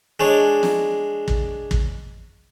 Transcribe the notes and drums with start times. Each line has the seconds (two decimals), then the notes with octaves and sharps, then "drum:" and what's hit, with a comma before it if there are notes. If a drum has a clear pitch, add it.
0.20 G#3 D4 C#5
0.63 drum: snare
1.28 drum: kick
1.71 drum: kick